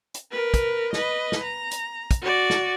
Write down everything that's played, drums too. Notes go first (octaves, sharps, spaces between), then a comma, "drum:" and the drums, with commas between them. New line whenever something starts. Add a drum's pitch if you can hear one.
drum: hi-hat
A#4 B4
drum: kick, hi-hat
B4 D#5, drum: snare
drum: snare
A#5
drum: hi-hat
drum: kick, hi-hat
F#4 D5
drum: snare